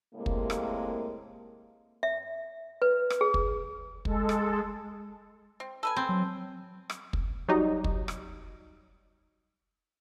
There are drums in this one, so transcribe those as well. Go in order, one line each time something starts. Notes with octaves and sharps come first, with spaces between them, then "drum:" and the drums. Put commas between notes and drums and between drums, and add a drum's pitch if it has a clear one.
A2 C3 G#3 A#3
drum: kick
drum: rim click
E5
B4
drum: rim click
G#4
drum: kick
G#3 A4, drum: kick
drum: rim click
C4
A4 B4 G#5
C4
F#3
drum: rim click
drum: kick
F#3 G3 D#4
drum: kick
drum: rim click